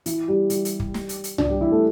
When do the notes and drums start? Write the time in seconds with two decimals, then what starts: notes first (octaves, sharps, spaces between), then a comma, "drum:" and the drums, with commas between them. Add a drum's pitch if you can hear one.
0.06 E3 E4, drum: hi-hat
0.28 G3 G4
0.50 G3 G4, drum: hi-hat
0.65 drum: hi-hat
0.80 drum: kick
0.94 drum: snare
1.09 drum: hi-hat
1.24 drum: hi-hat
1.38 D4, drum: tom
1.49 G3 G4
1.61 E3 E4
1.71 A3 A4